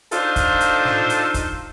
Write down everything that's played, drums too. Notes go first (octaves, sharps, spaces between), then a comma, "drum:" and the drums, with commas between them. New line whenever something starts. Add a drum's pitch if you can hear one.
D4 D#4 F4 A4 C5, drum: hi-hat
drum: kick, hi-hat
drum: hi-hat
drum: snare
drum: hi-hat
drum: kick, hi-hat